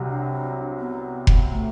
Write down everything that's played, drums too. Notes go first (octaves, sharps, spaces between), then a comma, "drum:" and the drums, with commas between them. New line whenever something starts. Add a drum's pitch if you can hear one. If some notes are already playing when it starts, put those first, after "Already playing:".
Already playing: C2 C3 F#3
D4
B3
drum: kick F1
A3